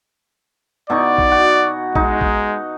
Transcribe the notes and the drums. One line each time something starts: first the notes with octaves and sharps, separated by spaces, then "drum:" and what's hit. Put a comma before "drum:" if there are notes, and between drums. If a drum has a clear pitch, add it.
B2 D#4 D5 C#6
drum: kick
F#4
G#3 D#4, drum: kick
drum: kick